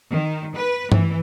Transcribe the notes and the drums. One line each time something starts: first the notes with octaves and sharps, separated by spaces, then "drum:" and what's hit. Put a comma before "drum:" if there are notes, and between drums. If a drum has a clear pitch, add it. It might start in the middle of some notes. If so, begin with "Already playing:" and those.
D#3
B4
E3, drum: tom G2